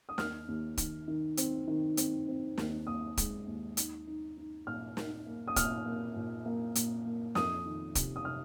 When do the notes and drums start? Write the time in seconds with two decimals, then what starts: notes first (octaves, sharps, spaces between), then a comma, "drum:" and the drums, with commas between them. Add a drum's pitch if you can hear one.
0.09 D#6
0.18 D#2 F6, drum: snare
0.48 D#2
0.77 D#3, drum: kick, hi-hat
1.08 D#3
1.37 C4, drum: hi-hat
1.68 D#3
1.97 C4, drum: hi-hat
2.28 C4
2.58 D#2, drum: snare
2.87 D#2 D#6
3.17 G#3, drum: kick, hi-hat
3.47 D#2
3.77 D#4, drum: hi-hat
4.07 D#4
4.37 D#4
4.67 A#2 F6
4.97 D#4, drum: snare
5.26 A#3
5.48 D#6
5.56 A#2 F6, drum: kick, hi-hat
5.86 A#3
6.16 A#2
6.46 A#3
6.75 A#2, drum: hi-hat
7.05 A#3
7.35 F2 D#6, drum: snare
7.65 D#3
7.95 C3, drum: kick, hi-hat
8.16 D#6
8.25 C3 F6